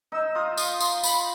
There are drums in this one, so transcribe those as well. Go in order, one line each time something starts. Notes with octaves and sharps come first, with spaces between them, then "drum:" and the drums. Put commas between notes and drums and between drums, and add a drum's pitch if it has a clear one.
D#4 E6
F4 D#6
D#6, drum: tambourine
C6, drum: tambourine
B5, drum: tambourine